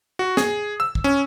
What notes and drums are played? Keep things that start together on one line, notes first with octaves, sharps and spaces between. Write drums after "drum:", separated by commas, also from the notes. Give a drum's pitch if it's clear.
F#4
G#4, drum: snare
E6
drum: kick
C#4